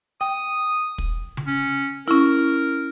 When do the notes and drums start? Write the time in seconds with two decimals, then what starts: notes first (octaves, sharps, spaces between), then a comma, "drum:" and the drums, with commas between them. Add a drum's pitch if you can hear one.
0.21 G5 D#6
0.98 drum: kick
1.37 drum: tom C#3
1.47 C#4
2.08 C#4 E4 A#4